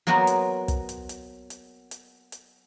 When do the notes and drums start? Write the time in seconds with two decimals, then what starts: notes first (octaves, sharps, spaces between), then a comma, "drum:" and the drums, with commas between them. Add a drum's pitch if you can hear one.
0.07 F#3 A#3 B3 F#4 C5
0.27 drum: hi-hat
0.68 drum: kick, hi-hat
0.89 drum: hi-hat
1.09 drum: hi-hat
1.50 drum: hi-hat
1.91 drum: hi-hat
2.32 drum: hi-hat